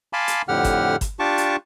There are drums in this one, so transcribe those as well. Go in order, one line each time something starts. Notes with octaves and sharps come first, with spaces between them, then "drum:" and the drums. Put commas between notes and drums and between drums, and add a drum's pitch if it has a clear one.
F5 G#5 A5 B5 C6 D6
drum: hi-hat
F2 A2 D3 G4 F#5 F6
drum: kick G1, hi-hat
drum: kick G1, hi-hat
D4 F4 G4 A5 C#6 D6
drum: hi-hat